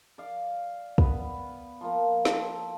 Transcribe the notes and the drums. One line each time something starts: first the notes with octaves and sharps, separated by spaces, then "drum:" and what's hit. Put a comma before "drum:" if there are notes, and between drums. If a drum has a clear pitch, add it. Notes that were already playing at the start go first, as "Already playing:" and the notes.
D5 F5
B3 B4, drum: kick
F3 A#3
A4, drum: snare